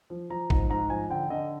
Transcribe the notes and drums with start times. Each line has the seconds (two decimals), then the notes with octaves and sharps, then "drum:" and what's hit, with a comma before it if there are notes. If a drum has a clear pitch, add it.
0.10 F3
0.30 F3 A#5
0.50 G#2, drum: kick
0.70 G#2 A#5
0.90 F3 G#5
1.10 D3 G5
1.30 D3 D#5